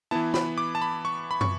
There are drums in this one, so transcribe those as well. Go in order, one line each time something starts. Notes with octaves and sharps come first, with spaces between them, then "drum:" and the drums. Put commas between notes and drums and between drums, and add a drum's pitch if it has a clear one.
E3 B3 E4 A5
B5, drum: snare
D6
A5
B5
C#6
B5
C#6, drum: tom